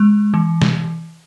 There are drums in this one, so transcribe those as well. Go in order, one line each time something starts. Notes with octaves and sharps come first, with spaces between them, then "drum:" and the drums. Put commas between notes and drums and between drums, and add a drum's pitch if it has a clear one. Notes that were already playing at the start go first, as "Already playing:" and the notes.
Already playing: G#3
E3
drum: snare